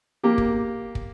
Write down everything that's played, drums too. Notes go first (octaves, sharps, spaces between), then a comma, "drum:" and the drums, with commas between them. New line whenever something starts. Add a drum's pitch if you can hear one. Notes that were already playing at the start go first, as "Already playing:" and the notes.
A#3 G4
drum: kick
drum: kick